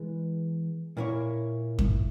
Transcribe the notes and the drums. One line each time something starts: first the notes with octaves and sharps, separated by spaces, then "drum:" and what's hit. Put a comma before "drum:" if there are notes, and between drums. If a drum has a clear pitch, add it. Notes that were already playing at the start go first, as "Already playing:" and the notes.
Already playing: E3 G#3 B3
A#2 A#3 E4 A#4 C#5
drum: kick F#2